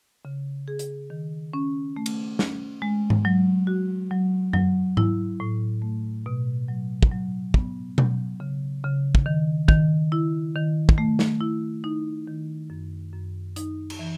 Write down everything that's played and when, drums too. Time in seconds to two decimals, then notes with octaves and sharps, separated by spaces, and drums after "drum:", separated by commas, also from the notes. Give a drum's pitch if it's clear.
0.25 C#3
0.68 G#4
0.79 drum: hi-hat
1.10 D#3
1.53 C#4
1.97 A3
2.06 drum: cymbal
2.39 C#4, drum: snare
2.82 G#3
3.10 drum: tom G#2
3.25 F#3
3.67 F#4
4.11 F#3
4.53 F#3, drum: tom F#2
4.97 E4, drum: tom G#2
5.40 A2
5.82 A3
6.26 B2
6.68 F#3
7.03 drum: kick
7.12 F#3
7.54 B3, drum: kick
7.98 F#3, drum: tom B2
8.40 C#3
8.84 C#3
9.15 drum: kick
9.26 D#3
9.69 D#3, drum: kick
10.12 E4
10.56 D#3
10.89 drum: kick
10.98 A3
11.19 drum: snare
11.41 E4
11.84 D#4
12.27 D#3
12.70 F#2
13.13 F#2
13.56 D#4, drum: hi-hat
13.90 drum: cymbal
13.99 E3